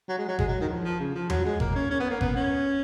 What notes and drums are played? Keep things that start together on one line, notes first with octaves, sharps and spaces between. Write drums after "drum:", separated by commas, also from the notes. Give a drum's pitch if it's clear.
F#3
G#3
F#3
G#3, drum: kick G#1
F#3
D#3
F3
F3
C#3
F3
F#3, drum: tom E2
G#3
A#3, drum: kick G#1
C#4
C#4
B3
A#3
B3, drum: kick G#1
C#4